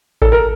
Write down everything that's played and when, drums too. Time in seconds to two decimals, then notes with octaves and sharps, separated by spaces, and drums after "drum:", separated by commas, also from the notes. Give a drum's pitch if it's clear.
0.22 A4, drum: kick A1
0.32 A#4